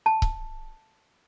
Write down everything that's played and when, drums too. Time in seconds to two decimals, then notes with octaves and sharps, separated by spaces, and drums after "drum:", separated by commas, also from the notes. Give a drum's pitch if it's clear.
0.06 A5
0.22 drum: kick C#1